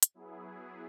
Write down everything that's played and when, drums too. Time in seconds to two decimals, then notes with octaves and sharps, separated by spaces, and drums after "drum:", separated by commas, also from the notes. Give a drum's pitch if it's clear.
0.03 drum: hi-hat
0.14 F#3 B3 E4 G#4